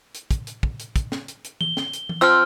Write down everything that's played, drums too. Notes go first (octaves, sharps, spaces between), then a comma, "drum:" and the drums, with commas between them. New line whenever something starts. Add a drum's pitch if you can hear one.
drum: hi-hat
drum: kick, hi-hat
drum: hi-hat
drum: kick
drum: hi-hat
drum: kick, hi-hat
drum: snare
drum: hi-hat
drum: hi-hat
G7, drum: tom E3
drum: snare
drum: hi-hat
drum: tom E3
F3 C4 E6 F6